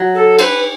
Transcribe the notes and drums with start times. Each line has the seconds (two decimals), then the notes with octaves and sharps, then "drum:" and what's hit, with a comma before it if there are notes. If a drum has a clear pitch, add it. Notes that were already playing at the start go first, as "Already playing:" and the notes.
Already playing: F#3
0.15 A4
0.39 C5, drum: cymbal
0.42 B4